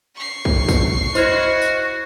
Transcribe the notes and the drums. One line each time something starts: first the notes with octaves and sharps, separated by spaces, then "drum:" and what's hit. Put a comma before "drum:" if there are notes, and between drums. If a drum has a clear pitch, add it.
C#6 C7
drum: kick
drum: kick, tambourine
E4 F#4 C5 D#5 F6 G#6, drum: tambourine
drum: tambourine